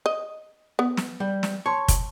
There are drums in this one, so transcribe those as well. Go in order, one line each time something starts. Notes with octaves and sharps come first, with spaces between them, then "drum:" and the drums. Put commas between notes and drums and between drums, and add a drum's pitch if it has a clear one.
D#5
B3
drum: snare
G3
drum: snare
C#5 A5 C6 C#6
drum: kick, hi-hat